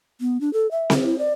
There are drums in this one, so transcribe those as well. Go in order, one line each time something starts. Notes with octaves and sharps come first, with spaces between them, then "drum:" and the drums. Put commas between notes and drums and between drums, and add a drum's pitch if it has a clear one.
B3
D4
A4
E5
drum: snare C4
E4
D5